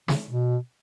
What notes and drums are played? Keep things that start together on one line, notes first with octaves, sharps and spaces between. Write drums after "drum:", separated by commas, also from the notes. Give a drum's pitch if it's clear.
C#3, drum: snare
B2